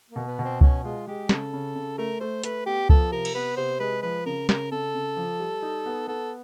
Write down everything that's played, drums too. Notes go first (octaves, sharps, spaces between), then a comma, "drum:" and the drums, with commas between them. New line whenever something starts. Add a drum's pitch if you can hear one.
A#3
B2
B3
B2
C4
B2 C#4, drum: kick C#2
G#3 F4
G#3 G4
C#3 A4, drum: snare
C#3
C#3
A3 A#4
A3 C5
A3 B4, drum: hi-hat
B3 G4
F3 A4, drum: kick C#2
C3 A#4
drum: cymbal
B3 B4
C3 C5
G#3 B4
F3 B4
C#3 A#4
C#3 A#4, drum: snare
C#3 A4
C#3
F3
G3
D#4
B3
B3 A4